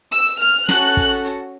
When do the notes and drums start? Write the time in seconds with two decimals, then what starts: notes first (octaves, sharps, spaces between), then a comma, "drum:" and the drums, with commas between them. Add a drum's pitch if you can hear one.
0.13 E6
0.41 F6
0.69 C#4 F#4 A4 F#6, drum: snare
0.97 drum: kick
1.25 drum: hi-hat